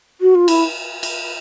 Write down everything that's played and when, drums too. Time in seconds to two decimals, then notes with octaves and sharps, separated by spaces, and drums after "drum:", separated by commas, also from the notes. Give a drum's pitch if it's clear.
0.21 F#4
0.35 F4
0.48 E4, drum: cymbal
1.03 drum: cymbal